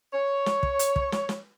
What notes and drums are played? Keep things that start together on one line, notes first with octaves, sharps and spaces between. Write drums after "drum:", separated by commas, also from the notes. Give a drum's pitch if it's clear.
C#5
drum: snare
drum: kick
drum: hi-hat
drum: kick
drum: snare
drum: snare